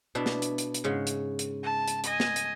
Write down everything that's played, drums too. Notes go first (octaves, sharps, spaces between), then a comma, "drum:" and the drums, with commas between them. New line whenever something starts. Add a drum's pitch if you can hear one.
B2 D4 E4
drum: snare
drum: hi-hat
drum: hi-hat
drum: hi-hat
G#2 C#3 G#3
drum: hi-hat
drum: hi-hat
A5
drum: hi-hat
D#5 G#5, drum: hi-hat
drum: snare
drum: hi-hat